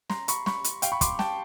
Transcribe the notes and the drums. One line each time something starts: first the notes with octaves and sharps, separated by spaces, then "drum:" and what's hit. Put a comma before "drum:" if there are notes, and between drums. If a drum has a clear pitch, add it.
A#5 C6, drum: snare
B5 C#6, drum: hi-hat
B5 C#6, drum: snare
drum: hi-hat
F5 G5, drum: hi-hat
B5 C#6
C6 D6, drum: kick, hi-hat
G5 A5, drum: snare